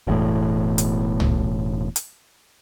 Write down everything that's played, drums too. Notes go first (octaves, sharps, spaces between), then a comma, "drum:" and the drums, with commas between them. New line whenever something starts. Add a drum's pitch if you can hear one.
E1 E2 A2
drum: hi-hat
drum: tom
drum: hi-hat